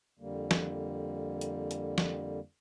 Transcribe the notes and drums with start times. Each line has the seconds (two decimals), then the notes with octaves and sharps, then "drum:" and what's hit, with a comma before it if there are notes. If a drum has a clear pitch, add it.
0.19 F2 D3 G3 A#3
0.51 drum: snare
1.41 drum: hi-hat
1.71 drum: hi-hat
1.98 drum: snare